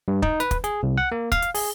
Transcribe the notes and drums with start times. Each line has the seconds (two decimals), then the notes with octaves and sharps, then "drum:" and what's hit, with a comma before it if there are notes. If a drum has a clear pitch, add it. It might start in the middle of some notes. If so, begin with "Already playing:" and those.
0.08 G2
0.22 D#4, drum: kick
0.40 B4, drum: hi-hat
0.51 drum: kick, hi-hat
0.64 G#4, drum: hi-hat
0.83 C2
0.98 F#5
1.12 A#3
1.32 F5, drum: kick, hi-hat
1.42 drum: hi-hat
1.55 G#4, drum: open hi-hat